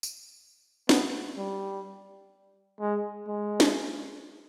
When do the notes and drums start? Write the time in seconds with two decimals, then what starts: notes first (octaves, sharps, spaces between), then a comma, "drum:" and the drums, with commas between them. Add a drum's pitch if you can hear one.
0.03 drum: tambourine
0.89 B3, drum: snare
1.37 G3
2.80 G#3
3.27 G#3
3.60 drum: snare